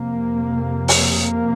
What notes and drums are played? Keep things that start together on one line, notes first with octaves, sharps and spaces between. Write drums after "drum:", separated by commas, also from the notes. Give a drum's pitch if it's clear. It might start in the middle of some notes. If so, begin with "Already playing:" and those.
Already playing: F2 C3 A#3
drum: open hi-hat
A#3